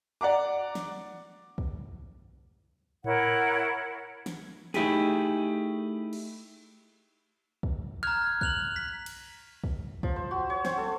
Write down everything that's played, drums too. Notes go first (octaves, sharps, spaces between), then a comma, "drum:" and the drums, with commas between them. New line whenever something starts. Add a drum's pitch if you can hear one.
D5 F#5 A#5 D6
drum: snare
drum: kick
E4 A#4 C#5 F#5, drum: tom A2
drum: snare
A3 D#4 E4 G4 G#4, drum: snare
drum: cymbal
drum: kick
A#5 F6 F#6 G#6
F#6 F7 F#7, drum: kick
B6
drum: cymbal
drum: kick
F3, drum: kick
C5
F#4
C#5
C4, drum: snare
A4